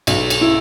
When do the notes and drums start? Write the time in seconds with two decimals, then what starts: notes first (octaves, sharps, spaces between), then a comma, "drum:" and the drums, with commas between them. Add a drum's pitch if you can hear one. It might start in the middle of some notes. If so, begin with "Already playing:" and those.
0.07 B1, drum: cymbal
0.30 drum: cymbal
0.41 E4